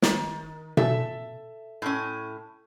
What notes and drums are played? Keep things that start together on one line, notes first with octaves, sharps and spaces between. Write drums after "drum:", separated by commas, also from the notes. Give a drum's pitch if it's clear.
D#3, drum: snare
A4 E5, drum: tom B2
A2 C#4